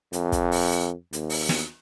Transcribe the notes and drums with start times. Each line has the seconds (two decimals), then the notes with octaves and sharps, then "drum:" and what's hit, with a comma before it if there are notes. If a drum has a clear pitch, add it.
0.13 F2, drum: hi-hat
0.32 drum: kick, hi-hat
0.52 drum: open hi-hat
0.71 drum: hi-hat
1.13 D#2, drum: hi-hat
1.30 drum: open hi-hat
1.49 drum: snare